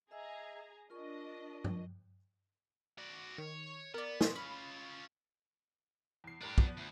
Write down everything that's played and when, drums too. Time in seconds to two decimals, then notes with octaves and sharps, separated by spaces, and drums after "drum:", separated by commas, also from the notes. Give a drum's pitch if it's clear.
0.11 G#4 D#5 E5 A#5 E6
0.90 D4 F4 A#4 D#5 C#6
1.64 drum: tom G2
2.98 F#4 D5
3.38 D#3 C#5
3.94 B3 A#4 D5
4.21 B2 C6 D#6 B6, drum: snare
4.36 C#4 F4 B5
6.24 E2 C7
6.42 A2 D4 G4 A#4 F#6
6.58 F3 B3, drum: kick
6.77 D2